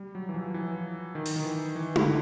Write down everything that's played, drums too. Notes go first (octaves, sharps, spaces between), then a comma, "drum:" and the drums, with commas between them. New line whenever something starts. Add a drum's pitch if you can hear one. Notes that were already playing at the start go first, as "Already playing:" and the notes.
Already playing: G3
F#3
E3
F3
E3
D#3
drum: open hi-hat
D#3
E3
E3
D3, drum: tom D#4